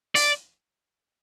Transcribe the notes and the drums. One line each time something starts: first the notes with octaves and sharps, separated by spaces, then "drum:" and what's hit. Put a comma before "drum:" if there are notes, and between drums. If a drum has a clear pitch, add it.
D5, drum: open hi-hat